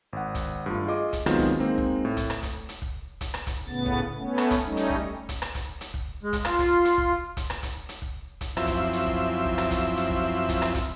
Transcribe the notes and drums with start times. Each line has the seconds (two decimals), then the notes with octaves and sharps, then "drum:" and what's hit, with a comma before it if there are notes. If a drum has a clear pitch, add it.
0.13 G#1 F#5
0.35 drum: kick, hi-hat
0.66 G2 A3 F4
0.87 F4 G#4 D#5 D6
1.13 drum: kick, hi-hat
1.26 D#3 F#3 G#3 B3 C4 F4, drum: rim click
1.39 drum: kick, hi-hat
1.59 G#3 A#3 C4 D#4
1.78 drum: kick
2.05 A2
2.17 drum: kick, hi-hat
2.30 drum: rim click
2.43 drum: kick, hi-hat
2.69 drum: hi-hat
2.82 drum: kick
3.21 drum: kick, hi-hat
3.34 drum: rim click
3.47 drum: kick, hi-hat
3.67 A2 C#3 B3 A6
3.86 drum: kick
4.18 A3 B3 C#4
4.38 drum: rim click
4.51 drum: kick, hi-hat
4.64 G3 A3 C#4 D#4
4.77 drum: hi-hat
4.90 drum: kick
5.29 drum: kick, hi-hat
5.42 drum: rim click
5.55 drum: kick, hi-hat
5.81 drum: hi-hat
5.94 drum: kick
6.23 G#3
6.33 drum: kick, hi-hat
6.45 F4, drum: rim click
6.59 drum: kick, hi-hat
6.85 drum: hi-hat
6.98 drum: kick
7.37 drum: kick, hi-hat
7.50 drum: rim click
7.63 drum: kick, hi-hat
7.89 drum: hi-hat
8.02 drum: kick
8.41 drum: kick, hi-hat
8.57 F#2 F3 C4 E4 E5, drum: rim click
8.67 drum: kick, hi-hat
8.93 drum: hi-hat
9.06 drum: kick
9.45 drum: kick
9.58 drum: rim click
9.71 drum: kick, hi-hat
9.97 drum: hi-hat
10.10 drum: kick
10.49 drum: kick, hi-hat
10.62 drum: rim click
10.75 drum: kick, hi-hat